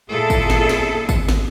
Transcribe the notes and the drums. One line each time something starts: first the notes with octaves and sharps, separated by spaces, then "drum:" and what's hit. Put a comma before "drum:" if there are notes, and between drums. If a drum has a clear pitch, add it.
A#2 A#3 E4 G#4 A4
drum: kick, tambourine
drum: snare
drum: snare
drum: kick, tambourine
drum: snare